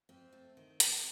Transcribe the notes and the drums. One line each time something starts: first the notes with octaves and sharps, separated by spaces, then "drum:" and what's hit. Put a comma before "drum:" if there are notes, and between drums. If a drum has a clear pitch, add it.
F2 C4
A3
D#3
F2, drum: hi-hat